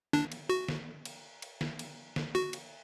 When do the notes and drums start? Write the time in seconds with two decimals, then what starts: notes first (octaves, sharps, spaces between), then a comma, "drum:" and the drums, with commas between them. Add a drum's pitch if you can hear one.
0.13 D4, drum: snare
0.32 drum: cymbal
0.49 F#4
0.69 drum: snare
1.05 drum: cymbal
1.42 drum: cymbal
1.61 drum: snare
1.79 drum: cymbal
2.16 drum: snare
2.35 F#4
2.53 drum: cymbal